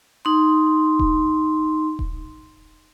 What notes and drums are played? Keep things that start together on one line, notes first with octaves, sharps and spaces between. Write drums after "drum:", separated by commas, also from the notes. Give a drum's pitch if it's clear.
D#4 C6
drum: kick D#1
drum: kick D#1